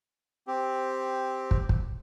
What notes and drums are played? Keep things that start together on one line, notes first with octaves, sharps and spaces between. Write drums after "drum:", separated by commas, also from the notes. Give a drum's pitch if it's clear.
C4 G4
drum: kick
drum: kick